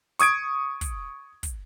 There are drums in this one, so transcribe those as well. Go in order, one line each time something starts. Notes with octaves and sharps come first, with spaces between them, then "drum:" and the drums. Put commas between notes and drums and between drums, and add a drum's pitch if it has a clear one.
C#6 D#6 G#6 D7, drum: hi-hat
drum: kick, hi-hat
drum: kick, hi-hat